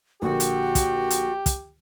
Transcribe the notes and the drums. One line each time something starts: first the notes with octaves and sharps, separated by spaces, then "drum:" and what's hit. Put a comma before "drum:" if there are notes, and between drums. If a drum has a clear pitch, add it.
A#1 D3 F#4 G4 A#4
drum: hi-hat
drum: kick, hi-hat
drum: hi-hat
drum: kick, hi-hat